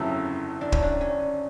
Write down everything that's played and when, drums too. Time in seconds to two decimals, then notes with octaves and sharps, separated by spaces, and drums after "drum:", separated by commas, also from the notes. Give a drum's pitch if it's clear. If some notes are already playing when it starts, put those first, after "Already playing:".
Already playing: G1 F2 C#3 F#3 A3 E4
0.61 D4
0.72 C#4, drum: kick
0.82 D4
1.01 C#4